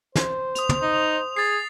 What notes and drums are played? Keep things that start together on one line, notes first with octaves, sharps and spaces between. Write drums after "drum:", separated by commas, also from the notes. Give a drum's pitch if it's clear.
C5, drum: snare
D#6 F7, drum: hi-hat
drum: tom
D#4
G#4 A6 C7